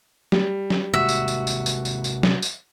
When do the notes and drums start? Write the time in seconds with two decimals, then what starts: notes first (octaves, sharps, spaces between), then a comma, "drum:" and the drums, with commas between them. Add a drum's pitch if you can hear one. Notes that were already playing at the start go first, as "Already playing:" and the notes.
0.32 G3, drum: snare
0.70 drum: snare
0.94 C3 G#3 A#3 F#4 E5
1.09 drum: tambourine
1.28 drum: tambourine
1.47 drum: tambourine
1.66 drum: tambourine
1.85 drum: tambourine
2.04 drum: tambourine
2.23 drum: snare
2.42 drum: tambourine